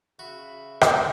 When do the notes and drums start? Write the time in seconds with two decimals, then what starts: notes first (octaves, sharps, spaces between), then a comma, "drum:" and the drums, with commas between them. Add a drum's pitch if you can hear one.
0.19 C#3 F#4 E5 B5
0.81 drum: rim click